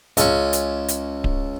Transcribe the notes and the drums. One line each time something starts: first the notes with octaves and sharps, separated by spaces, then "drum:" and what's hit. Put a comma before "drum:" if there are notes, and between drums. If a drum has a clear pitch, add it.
C#2 C#4, drum: hi-hat
drum: hi-hat
drum: hi-hat
drum: kick D1